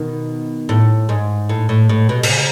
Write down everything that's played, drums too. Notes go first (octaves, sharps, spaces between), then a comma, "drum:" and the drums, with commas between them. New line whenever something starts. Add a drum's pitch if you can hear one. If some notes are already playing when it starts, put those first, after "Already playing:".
Already playing: B2 D#3
A2
G#2
A2
A2
A2
B2
B2, drum: cymbal
C#3